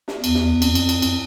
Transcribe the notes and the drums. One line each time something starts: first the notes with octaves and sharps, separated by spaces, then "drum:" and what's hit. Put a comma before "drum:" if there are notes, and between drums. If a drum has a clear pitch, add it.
drum: snare
E2, drum: cymbal
drum: snare
F2, drum: cymbal
drum: cymbal
drum: cymbal
drum: cymbal